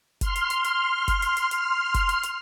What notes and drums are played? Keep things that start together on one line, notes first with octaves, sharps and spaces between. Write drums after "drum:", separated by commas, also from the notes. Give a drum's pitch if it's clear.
C6 F6, drum: kick F#1, hi-hat
drum: hi-hat
drum: hi-hat
drum: hi-hat
drum: kick F#1, hi-hat
drum: hi-hat
drum: hi-hat
drum: hi-hat
drum: kick F#1, hi-hat
drum: hi-hat
drum: hi-hat